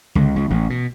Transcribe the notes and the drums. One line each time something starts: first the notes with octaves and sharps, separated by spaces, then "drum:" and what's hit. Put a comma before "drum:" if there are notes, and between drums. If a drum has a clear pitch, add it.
C#2, drum: tom C#3
C#2
A1
B2